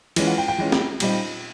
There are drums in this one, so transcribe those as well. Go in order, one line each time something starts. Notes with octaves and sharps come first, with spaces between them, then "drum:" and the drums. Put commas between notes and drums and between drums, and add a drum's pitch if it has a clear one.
E3 G#3 C#4 F4, drum: cymbal
F#5
G5
G5
E3 G#3 C#4 F4
drum: snare
A#2 G3 C4 D#4, drum: cymbal